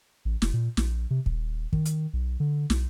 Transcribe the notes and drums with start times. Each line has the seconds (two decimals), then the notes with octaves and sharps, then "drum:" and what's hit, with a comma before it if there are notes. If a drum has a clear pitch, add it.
0.25 A1
0.42 F1, drum: snare
0.53 A#2
0.77 A#1, drum: snare
1.11 C3
1.26 D#1, drum: kick
1.73 D#3, drum: kick
1.86 drum: hi-hat
2.13 B1
2.40 D3
2.70 B1, drum: snare